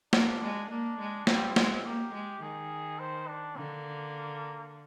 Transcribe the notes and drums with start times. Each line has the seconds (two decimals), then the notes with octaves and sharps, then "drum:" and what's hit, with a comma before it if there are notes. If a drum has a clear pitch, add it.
0.13 A#3 D4, drum: snare
0.42 G#3
0.70 A#3 D4
0.99 G#3
1.27 G3 C4, drum: snare
1.56 G#3, drum: snare
1.85 A#3 G4
2.14 G#3
2.42 D#3 G#4
2.99 C5
3.28 D4
3.56 D3 A#3